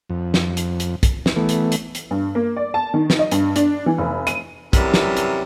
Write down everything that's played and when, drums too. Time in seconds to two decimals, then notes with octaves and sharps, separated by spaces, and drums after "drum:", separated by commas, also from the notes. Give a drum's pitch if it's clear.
0.10 F2
0.34 drum: snare
0.57 drum: hi-hat
0.80 drum: hi-hat
1.03 drum: kick, hi-hat
1.26 drum: snare
1.36 E3 A3 B3
1.49 drum: hi-hat
1.72 drum: hi-hat
1.95 drum: hi-hat
2.11 G2
2.35 A#3
2.56 D5
2.74 A5
2.94 D#3
3.10 drum: snare
3.19 D#5
3.32 G2, drum: hi-hat
3.56 D4, drum: hi-hat
3.86 E3
3.98 F1
4.27 D#7, drum: hi-hat
4.73 F#2 C3 E3 G3 C#4 A#4, drum: kick, hi-hat
4.94 drum: snare
5.17 drum: hi-hat